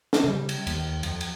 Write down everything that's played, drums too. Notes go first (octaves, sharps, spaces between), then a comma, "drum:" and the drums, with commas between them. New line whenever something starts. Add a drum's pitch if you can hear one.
drum: snare
C#3 G3
drum: cymbal
D#2, drum: cymbal
F2, drum: cymbal
drum: cymbal